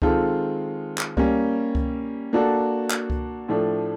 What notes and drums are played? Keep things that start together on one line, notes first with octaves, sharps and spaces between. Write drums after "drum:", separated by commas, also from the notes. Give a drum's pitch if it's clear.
D#3 G#3 C4 F4 A4, drum: kick C#2
drum: clap
G3 A#3 C#4, drum: kick C#2
drum: kick C#2
A#3 D4 F#4 A4
drum: clap
drum: kick C#2
A2 F3 A3 D4